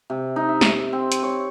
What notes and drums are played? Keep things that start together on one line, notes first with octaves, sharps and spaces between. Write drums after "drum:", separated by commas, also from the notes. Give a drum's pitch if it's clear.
C3
D#4
E5
drum: snare
C4
drum: hi-hat
C#5